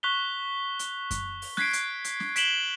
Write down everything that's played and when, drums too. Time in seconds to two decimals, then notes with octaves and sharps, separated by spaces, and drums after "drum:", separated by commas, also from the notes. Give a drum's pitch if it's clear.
0.03 C#6 F#6 B6 F7 G7
0.79 drum: hi-hat
1.11 drum: kick F#2, hi-hat
1.42 drum: open hi-hat
1.57 F#6 G#6 B6 C7 D7, drum: snare
1.73 drum: hi-hat
2.04 drum: hi-hat
2.20 drum: snare
2.36 B6 D7 E7 F#7 G7, drum: hi-hat